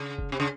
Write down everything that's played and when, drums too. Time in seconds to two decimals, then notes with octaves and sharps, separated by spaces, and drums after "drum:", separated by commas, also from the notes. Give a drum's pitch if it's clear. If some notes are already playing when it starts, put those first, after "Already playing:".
Already playing: C#3
0.18 drum: kick
0.32 C3
0.40 C#3